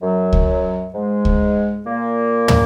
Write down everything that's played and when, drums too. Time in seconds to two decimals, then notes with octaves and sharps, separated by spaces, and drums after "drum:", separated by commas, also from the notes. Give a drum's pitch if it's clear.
0.02 F#2 F#3
0.33 drum: kick C#2
0.94 G#2 G#3
1.25 drum: kick C#2
1.86 A#2 A#3
2.48 drum: tom